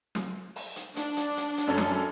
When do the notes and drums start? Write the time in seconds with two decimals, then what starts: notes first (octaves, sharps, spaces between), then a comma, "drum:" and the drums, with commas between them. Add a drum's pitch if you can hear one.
0.15 drum: snare
0.56 drum: open hi-hat
0.76 drum: hi-hat
0.96 D4, drum: hi-hat
1.17 drum: hi-hat
1.37 drum: hi-hat
1.57 drum: hi-hat
1.67 F#2 C#4 A4
1.78 drum: snare